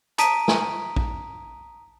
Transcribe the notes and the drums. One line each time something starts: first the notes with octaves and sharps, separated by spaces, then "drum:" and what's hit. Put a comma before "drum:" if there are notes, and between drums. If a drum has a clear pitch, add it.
A5 A#5 D#6 B6 D7 D#7, drum: hi-hat
drum: snare
drum: kick